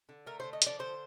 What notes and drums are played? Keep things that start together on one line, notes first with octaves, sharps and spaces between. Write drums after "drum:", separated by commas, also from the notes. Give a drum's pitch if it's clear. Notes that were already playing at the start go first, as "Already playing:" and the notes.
D3
A3 A#4
D3 C5
D#5
F3 D5, drum: hi-hat
D3 C5